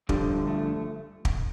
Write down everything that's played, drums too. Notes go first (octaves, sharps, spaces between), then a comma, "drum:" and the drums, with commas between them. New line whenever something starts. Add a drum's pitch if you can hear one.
G2 D3 F3 G3, drum: kick
A3
drum: kick